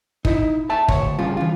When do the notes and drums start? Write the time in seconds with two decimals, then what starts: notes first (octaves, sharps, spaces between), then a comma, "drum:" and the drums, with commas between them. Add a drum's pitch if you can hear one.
0.25 D#4 E4, drum: kick
0.70 E5 A5
0.88 D2 C#5, drum: kick
1.19 G2 C#3 F4
1.37 E3 F4